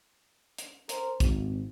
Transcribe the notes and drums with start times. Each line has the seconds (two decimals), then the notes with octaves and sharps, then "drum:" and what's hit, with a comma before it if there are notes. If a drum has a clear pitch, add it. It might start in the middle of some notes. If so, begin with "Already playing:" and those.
0.58 drum: hi-hat
0.89 A#4 C5, drum: hi-hat
1.20 G#1, drum: kick, hi-hat